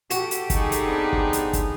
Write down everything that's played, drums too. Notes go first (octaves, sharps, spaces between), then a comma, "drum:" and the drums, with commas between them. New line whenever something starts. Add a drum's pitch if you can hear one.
F#4 G4 A4, drum: hi-hat
drum: hi-hat
D#4 G#4 C#6, drum: kick, hi-hat
drum: hi-hat
B3 C4 D4
drum: kick
drum: hi-hat
drum: kick, hi-hat